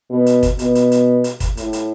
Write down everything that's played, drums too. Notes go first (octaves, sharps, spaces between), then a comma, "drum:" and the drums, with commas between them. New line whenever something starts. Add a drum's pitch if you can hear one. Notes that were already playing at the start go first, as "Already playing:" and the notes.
B2
drum: hi-hat
drum: kick, hi-hat
B2, drum: hi-hat
drum: hi-hat
drum: hi-hat
drum: hi-hat
drum: kick, hi-hat
A2, drum: hi-hat
drum: hi-hat